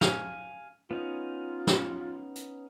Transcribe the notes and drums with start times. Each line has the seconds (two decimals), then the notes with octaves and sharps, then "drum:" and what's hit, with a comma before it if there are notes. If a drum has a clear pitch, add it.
0.01 F5 G#5, drum: snare
0.91 B3 C#4 D#4 F4
1.67 drum: snare
2.35 drum: hi-hat